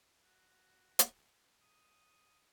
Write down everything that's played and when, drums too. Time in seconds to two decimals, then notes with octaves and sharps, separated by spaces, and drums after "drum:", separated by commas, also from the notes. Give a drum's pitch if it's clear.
0.24 F#4
0.99 drum: hi-hat
1.62 D#6